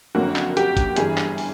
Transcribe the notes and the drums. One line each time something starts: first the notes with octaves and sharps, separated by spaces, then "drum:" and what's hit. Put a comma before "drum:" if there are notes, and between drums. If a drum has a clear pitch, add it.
F#1 F2 D3 F#3 A#3 F#4
drum: clap
G4, drum: hi-hat
drum: kick, hi-hat
G1 G2 E3 G#4, drum: hi-hat
drum: clap
drum: open hi-hat